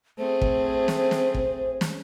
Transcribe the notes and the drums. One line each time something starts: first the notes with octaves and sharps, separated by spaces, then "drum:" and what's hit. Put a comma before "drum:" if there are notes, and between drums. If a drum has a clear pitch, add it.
A3 C4 G#4 C5
drum: kick
drum: snare
drum: snare
drum: kick
drum: snare